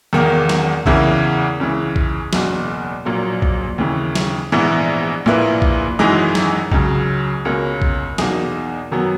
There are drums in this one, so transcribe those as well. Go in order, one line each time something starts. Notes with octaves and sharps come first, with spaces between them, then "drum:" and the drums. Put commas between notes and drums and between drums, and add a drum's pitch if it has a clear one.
E1 E2 D#3 A#3
drum: snare
E2 C#3 E3 A#3 E4, drum: kick A#1
C#2 C#3 E3
drum: kick A#1
F#1 E2 B2, drum: snare
A#1 A#2 F#3 A#3
drum: kick A#1
D#2 C#3 E3
drum: snare
A#1 G#2 E3 B3 E4
A#1 A#2 A#3 E4 B4, drum: tom A2
drum: kick A#1
G#1 F#2 E3 G#3 D#4
drum: snare
C#2 C#3 F#3, drum: kick A#1
C#2 B2 A#3 C#4
drum: kick A#1
E2 B2 A#3 D#4 G#4, drum: snare
F#2 D#3 F#3 B3